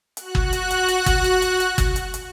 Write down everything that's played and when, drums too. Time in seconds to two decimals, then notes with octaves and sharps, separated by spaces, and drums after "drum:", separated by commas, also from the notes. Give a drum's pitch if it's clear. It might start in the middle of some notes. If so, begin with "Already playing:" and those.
0.17 F#4 F#6, drum: hi-hat
0.35 drum: kick G1
0.53 drum: hi-hat
0.71 drum: hi-hat
0.88 drum: hi-hat
1.06 drum: kick G1, hi-hat
1.24 drum: hi-hat
1.42 drum: hi-hat
1.60 drum: hi-hat
1.78 drum: kick G1, hi-hat
1.96 drum: hi-hat
2.14 drum: hi-hat